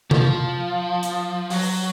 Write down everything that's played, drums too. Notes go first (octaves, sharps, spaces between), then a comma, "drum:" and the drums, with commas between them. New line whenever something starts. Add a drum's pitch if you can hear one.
F3, drum: tom C3
drum: hi-hat
F#3, drum: open hi-hat